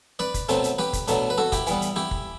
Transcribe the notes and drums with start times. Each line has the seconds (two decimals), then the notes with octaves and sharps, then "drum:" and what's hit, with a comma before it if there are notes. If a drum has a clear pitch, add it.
0.19 B4 D5, drum: snare
0.34 drum: kick, hi-hat
0.49 B2 F#3 A3 C4, drum: hi-hat
0.64 drum: hi-hat
0.78 G4 B4, drum: snare
0.93 drum: kick, hi-hat
1.08 B2 F#3 A3 D4, drum: hi-hat
1.30 B4
1.38 F#4 A4, drum: snare
1.52 E4 G4, drum: kick, hi-hat
1.67 E3 G3 B3, drum: hi-hat
1.82 drum: hi-hat
1.96 E4 G4, drum: snare
2.11 drum: kick